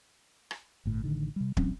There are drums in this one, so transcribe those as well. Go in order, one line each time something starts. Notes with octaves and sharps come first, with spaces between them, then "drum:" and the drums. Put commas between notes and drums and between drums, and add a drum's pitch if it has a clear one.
drum: rim click
G1 A2
A1 D3 D#3
C3 G3
A1 F#3 C4 C#4, drum: kick